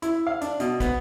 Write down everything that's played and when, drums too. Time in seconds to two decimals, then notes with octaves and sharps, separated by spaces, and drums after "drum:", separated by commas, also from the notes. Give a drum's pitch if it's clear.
0.02 E4, drum: hi-hat
0.27 F5
0.41 D4, drum: hi-hat
0.60 B2, drum: hi-hat
0.80 B3, drum: kick, hi-hat